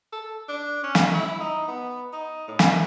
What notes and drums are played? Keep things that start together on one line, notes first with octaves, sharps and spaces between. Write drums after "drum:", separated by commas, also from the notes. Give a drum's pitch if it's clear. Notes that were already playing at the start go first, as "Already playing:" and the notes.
A4
D4
C#4
drum: snare
E4
D#4
B3
D#4
A2
drum: snare
E3